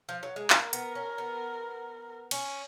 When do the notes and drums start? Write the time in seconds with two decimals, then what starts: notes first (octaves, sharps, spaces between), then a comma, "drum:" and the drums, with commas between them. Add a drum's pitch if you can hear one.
0.09 F3
0.23 F#3
0.36 G#3
0.50 A#3 A#4, drum: clap
0.73 B3, drum: hi-hat
0.95 C#4
1.18 B3
2.31 C#4, drum: cymbal